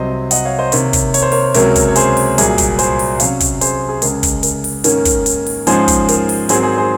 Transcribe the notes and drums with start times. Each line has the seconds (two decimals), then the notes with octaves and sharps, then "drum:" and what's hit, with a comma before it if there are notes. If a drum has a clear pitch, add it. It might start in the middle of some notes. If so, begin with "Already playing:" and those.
Already playing: C2 C3 F#3 C5 D#5
0.31 D#5 F#5, drum: hi-hat
0.45 C#5 F5
0.59 C5 D#5
0.72 C3 D#3 A#3 A#4 C#5, drum: hi-hat
0.93 drum: kick, hi-hat
1.14 C#5, drum: hi-hat
1.22 C5
1.32 A#4 C#5, drum: open hi-hat
1.54 C#2 C3 F#3 A#3 C#4 A#4 C#5, drum: hi-hat
1.76 drum: kick, hi-hat
1.88 C#5
1.96 G#4 C5, drum: hi-hat
2.17 drum: open hi-hat
2.38 C2 A#2 F#3 G#4, drum: hi-hat
2.58 drum: kick, hi-hat
2.79 G#4 C5, drum: hi-hat
2.99 drum: open hi-hat
3.20 C3 F#3 C#4 C#5 F5, drum: hi-hat
3.40 drum: kick, hi-hat
3.61 G#4 C5, drum: hi-hat
3.89 G#4
4.02 C#2 C#3 G#3 A#4, drum: hi-hat
4.23 drum: kick, hi-hat
4.43 A#4, drum: hi-hat
4.64 drum: open hi-hat
4.84 G#2 D#3 A#3 C#4 A#4, drum: hi-hat
5.05 drum: kick, hi-hat
5.26 drum: hi-hat
5.46 drum: open hi-hat
5.67 G#2 F3 G#3 C#4 G#4 C5, drum: hi-hat
5.88 drum: kick, hi-hat
6.08 A#4, drum: hi-hat
6.29 drum: open hi-hat
6.49 G#2 D#3 F#3 C4 G#4 C5, drum: hi-hat
6.63 G#4 C5
6.78 G#4 C5